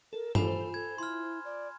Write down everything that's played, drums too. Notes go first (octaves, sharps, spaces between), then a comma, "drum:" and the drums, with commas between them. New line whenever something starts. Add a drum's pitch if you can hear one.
A4 A#4
F4 A4 C5 G#5 B5 E7, drum: tom G2
A4 G#6
E4 C6 F6
D5